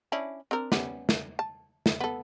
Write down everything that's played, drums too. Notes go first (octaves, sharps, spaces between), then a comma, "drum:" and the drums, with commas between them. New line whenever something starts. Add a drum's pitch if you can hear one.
C#4 D4 E4
C4 D4 A#4
G3 B3 C#4, drum: snare
drum: snare
A5
drum: snare
B3 A4